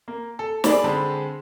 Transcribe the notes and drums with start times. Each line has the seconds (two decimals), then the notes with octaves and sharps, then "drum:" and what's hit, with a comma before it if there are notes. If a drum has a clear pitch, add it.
0.08 A#3
0.39 A4
0.64 G#4 D5 B5, drum: snare
0.84 D3 G#3 C4 A5 B5